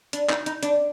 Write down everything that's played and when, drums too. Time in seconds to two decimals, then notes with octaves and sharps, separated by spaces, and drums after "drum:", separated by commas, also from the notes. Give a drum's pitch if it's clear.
0.13 D4, drum: hi-hat
0.29 D#4, drum: clap
0.46 D#4, drum: hi-hat
0.63 D4, drum: hi-hat